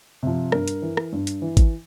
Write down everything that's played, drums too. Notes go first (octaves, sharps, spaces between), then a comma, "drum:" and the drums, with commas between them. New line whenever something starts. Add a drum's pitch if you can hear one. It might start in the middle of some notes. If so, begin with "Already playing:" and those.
C3 F3
G2 A#4, drum: rim click
drum: hi-hat
E3
drum: rim click
G2
drum: hi-hat
E3
drum: kick G#1, hi-hat